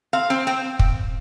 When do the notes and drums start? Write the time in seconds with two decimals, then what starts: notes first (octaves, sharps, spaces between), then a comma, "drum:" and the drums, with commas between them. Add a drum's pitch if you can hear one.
0.13 C4 F5
0.30 C4
0.47 C4
0.79 drum: kick